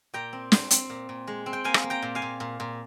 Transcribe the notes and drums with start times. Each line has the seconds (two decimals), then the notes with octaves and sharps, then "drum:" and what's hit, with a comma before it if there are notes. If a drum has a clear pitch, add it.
0.14 A#2 G5 A#5
0.33 C4
0.52 C4, drum: snare
0.71 C4, drum: hi-hat
0.90 A#2
1.09 A#2
1.27 G#3
1.46 C4
1.53 G5
1.64 A#3 F5 G#5
1.74 drum: rim click
1.84 A#3
1.90 G5 A#5
2.02 A#2
2.15 F5 G#5
2.22 A#2
2.40 A#2
2.60 A#2